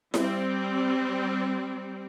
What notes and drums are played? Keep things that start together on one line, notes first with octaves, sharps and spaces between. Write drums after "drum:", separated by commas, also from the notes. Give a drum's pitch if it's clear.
G3 C4, drum: snare E4